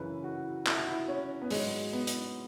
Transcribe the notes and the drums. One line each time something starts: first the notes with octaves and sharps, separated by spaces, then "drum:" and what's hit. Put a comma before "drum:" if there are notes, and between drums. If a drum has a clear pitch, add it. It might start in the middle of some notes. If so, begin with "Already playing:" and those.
Already playing: F#2 C#3 E3 B4
F#4
E4, drum: clap
F#4
E4
C#4
B3
G#2 F#3 G#3, drum: open hi-hat
B3
drum: hi-hat